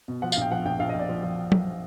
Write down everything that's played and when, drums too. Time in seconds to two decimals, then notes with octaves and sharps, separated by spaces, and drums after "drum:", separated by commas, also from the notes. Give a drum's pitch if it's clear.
0.08 B2
0.22 F3 F#5
0.32 F5, drum: tambourine
0.37 A#1 G5
0.51 F3 F#5
0.65 A#1 G5
0.79 A#1 F5
0.89 D#5
0.94 A#1 D5
1.09 F3
1.23 F3
1.52 drum: tom